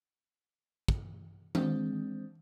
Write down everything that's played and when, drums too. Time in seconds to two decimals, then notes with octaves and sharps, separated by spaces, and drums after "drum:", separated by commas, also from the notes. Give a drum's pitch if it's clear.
0.88 drum: kick
1.55 G#3 C4 D4, drum: tom D#3